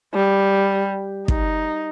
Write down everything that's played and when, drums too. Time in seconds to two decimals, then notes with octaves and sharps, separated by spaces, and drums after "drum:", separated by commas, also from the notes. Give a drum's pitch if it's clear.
0.14 G3
1.28 D#4, drum: kick